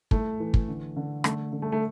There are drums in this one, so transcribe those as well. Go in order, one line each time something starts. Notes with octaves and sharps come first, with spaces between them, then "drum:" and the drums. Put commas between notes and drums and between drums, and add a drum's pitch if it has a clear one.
A2 A3, drum: kick
E3
drum: kick
D3
D3
D3 A3, drum: rim click
D3
A3
A3